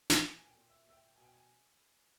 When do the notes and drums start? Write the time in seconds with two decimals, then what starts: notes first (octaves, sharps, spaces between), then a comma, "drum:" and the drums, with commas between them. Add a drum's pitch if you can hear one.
0.10 drum: snare
0.23 A#2 G#5
0.39 G#5
0.47 G5
0.54 A#2
0.69 E5
0.86 A#2 E5
0.93 G5
1.16 B2 G#5
1.24 G5
1.34 G#5